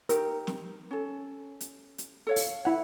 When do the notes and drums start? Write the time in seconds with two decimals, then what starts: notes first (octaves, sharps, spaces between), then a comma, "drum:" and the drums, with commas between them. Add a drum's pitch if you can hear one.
0.09 D#4 G4 A#4, drum: hi-hat
0.47 drum: snare
0.91 C#4 A4
1.61 drum: hi-hat
1.98 drum: hi-hat
2.27 A4 C#5 F5
2.36 drum: open hi-hat
2.65 E4 F#5